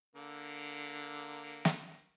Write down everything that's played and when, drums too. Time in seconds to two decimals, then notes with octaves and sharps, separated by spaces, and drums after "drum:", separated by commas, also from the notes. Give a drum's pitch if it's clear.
0.16 D3 A#3
1.65 drum: snare